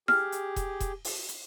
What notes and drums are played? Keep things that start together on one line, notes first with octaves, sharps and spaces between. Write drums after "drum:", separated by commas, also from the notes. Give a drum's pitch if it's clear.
G4 G#4 F6, drum: snare E4
drum: hi-hat
drum: kick E1, hi-hat
drum: kick E1, hi-hat
drum: open hi-hat
drum: hi-hat